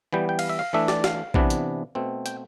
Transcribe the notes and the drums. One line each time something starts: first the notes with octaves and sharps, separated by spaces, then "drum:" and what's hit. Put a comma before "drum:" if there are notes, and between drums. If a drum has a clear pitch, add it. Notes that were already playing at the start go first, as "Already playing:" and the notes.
E3 G3 B3 G5
G5
F5, drum: cymbal
E5
F5
E3 A3 D4 E5
D5, drum: snare
F5, drum: snare
C3 E3 B3 D4, drum: kick
drum: hi-hat
B2 A3 C4
G5, drum: hi-hat